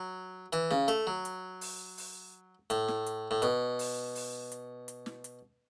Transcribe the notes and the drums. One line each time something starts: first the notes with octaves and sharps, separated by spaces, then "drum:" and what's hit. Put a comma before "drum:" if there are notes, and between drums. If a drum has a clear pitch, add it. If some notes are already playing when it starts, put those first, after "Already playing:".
Already playing: F#3
E3, drum: hi-hat
C#3, drum: snare
A3, drum: hi-hat
F#3
drum: hi-hat
drum: open hi-hat
drum: open hi-hat
A2, drum: hi-hat
drum: snare
drum: hi-hat
A2
B2, drum: hi-hat
drum: open hi-hat
drum: open hi-hat
drum: hi-hat
drum: hi-hat
drum: snare
drum: hi-hat